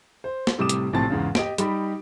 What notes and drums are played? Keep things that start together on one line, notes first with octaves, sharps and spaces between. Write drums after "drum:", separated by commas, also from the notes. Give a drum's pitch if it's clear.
C5
drum: snare
A2 C3 G3 D6 D#6 E7
drum: hi-hat
A#1 A2 C3 C4 A5 A6
E2 G#2 C#3
G4 D#5 D7, drum: snare
G3 D#4 G4 B5, drum: hi-hat